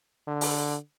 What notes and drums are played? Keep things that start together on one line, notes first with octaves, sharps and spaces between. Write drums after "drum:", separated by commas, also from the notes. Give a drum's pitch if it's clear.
D3
drum: open hi-hat